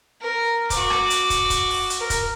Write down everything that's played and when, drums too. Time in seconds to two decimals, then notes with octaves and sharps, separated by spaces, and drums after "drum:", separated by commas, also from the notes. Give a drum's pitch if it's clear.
0.21 A#4
0.70 F#4 D6, drum: kick, hi-hat
0.90 drum: rim click
1.10 drum: hi-hat
1.30 drum: kick, hi-hat
1.50 drum: kick, hi-hat
1.70 drum: open hi-hat
1.90 drum: hi-hat
1.99 A#4
2.10 drum: kick, hi-hat